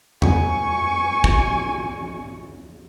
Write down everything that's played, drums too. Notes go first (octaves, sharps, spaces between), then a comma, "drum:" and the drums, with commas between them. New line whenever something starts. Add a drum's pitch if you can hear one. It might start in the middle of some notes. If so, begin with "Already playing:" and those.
G#5 C#6, drum: tom E2
drum: kick